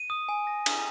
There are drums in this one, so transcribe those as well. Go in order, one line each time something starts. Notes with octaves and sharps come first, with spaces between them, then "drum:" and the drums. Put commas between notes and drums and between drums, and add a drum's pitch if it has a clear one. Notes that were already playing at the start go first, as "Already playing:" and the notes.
Already playing: D#7
D#6
G#5
A#6
D#6, drum: cymbal